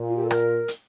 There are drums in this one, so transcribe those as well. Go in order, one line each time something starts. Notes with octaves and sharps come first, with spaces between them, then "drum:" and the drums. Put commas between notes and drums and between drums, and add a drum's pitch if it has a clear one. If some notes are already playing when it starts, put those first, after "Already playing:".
Already playing: A#2
F4
G4
A4
A#4, drum: rim click
drum: hi-hat